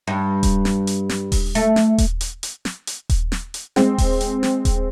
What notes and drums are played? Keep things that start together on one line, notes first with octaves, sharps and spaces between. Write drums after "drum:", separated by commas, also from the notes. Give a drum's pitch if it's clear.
G2
drum: kick D#1, hi-hat
drum: snare
drum: hi-hat
drum: snare
drum: kick D#1, open hi-hat
A3, drum: hi-hat
drum: snare
drum: kick D#1, hi-hat
drum: hi-hat
drum: hi-hat
drum: snare
drum: hi-hat
drum: kick D#1, hi-hat
drum: snare
drum: hi-hat
G#3 C4, drum: snare
drum: kick D#1, open hi-hat
drum: hi-hat
drum: snare
drum: kick D#1, hi-hat